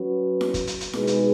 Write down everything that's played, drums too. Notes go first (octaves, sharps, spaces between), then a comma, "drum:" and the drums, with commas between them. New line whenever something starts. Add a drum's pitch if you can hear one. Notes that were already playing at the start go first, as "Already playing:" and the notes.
Already playing: F#3 C#4 F#4 B4
drum: snare E4
drum: kick, hi-hat
drum: hi-hat
drum: hi-hat
B2 G#3 D#4 G#4 B4, drum: snare E4
drum: hi-hat